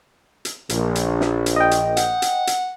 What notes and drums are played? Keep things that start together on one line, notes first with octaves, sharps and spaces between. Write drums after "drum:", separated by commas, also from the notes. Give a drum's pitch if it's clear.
drum: hi-hat
A#1, drum: hi-hat
drum: hi-hat
drum: snare
drum: hi-hat
D#5 G5
drum: hi-hat
F#5, drum: hi-hat
drum: hi-hat
drum: hi-hat